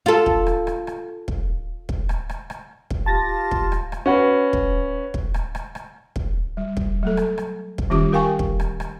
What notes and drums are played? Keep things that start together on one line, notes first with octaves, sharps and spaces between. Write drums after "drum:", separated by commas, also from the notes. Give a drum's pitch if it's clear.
F4 A4
drum: kick
drum: rim click
drum: rim click
drum: rim click
drum: kick
drum: kick
drum: rim click
drum: rim click
drum: rim click
drum: kick
F4 G4 A5 A6 A#6
drum: kick
drum: rim click
drum: rim click
C#4 F#4 B4
drum: kick
drum: kick
drum: rim click
drum: rim click
drum: rim click
drum: kick
G3
drum: kick
F#3 A3 A4
drum: rim click
drum: rim click
drum: kick
D#3 G3 C#4 F4 G4 D6
G4 A#4 F5 G5 G#5 C#6
drum: kick
drum: rim click
drum: rim click